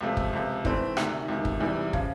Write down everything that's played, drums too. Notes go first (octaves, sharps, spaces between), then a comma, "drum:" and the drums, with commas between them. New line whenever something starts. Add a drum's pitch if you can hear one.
C#2 C3 F3 A3
drum: kick
C#2 C3 F3
G#2 E3 A3 C4, drum: kick
D2 C3 D#3, drum: rim click
C#2 C3 D#3
drum: kick
E2 C3 E3 G3
C#3 F3, drum: kick